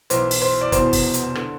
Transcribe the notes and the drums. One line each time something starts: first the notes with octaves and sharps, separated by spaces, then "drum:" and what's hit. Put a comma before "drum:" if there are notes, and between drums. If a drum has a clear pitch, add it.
B1 A2 E3 C5, drum: hi-hat
drum: open hi-hat
C5
D5
F1 E2 B2 C5, drum: kick, hi-hat
drum: kick, open hi-hat
drum: hi-hat
D3, drum: rim click